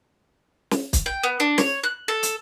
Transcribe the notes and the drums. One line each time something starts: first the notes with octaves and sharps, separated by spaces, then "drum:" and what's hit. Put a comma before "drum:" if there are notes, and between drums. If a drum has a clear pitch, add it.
drum: snare
drum: kick, hi-hat
G5
B3
D4
C#5, drum: snare
F#6
A4
drum: hi-hat